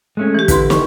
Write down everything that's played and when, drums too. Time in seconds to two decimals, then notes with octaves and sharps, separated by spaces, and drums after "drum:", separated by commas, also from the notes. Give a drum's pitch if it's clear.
0.17 G#3 A3 C#4
0.34 E3 G4
0.48 D3 E4 B4 C6, drum: kick, hi-hat
0.70 C#6, drum: snare